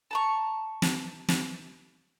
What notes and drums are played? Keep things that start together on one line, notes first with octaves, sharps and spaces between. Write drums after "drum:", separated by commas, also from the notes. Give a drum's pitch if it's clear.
A5 A#5 C#6
drum: snare
drum: snare